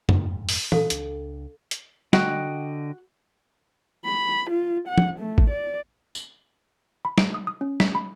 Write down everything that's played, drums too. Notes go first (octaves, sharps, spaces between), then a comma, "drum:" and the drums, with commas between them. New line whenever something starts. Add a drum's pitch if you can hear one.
D#1 F2 G#2, drum: tom F#2
drum: open hi-hat
A#2 F#3 A4 F5, drum: tom
C#2 D4, drum: hi-hat
drum: hi-hat
D3 F#4 D#5 G5, drum: snare
B5
F4
F#5
drum: tom
A3
drum: kick A1
D5
drum: tambourine
B5
D7, drum: snare
D#6
D#6
C#4
B6, drum: snare
B5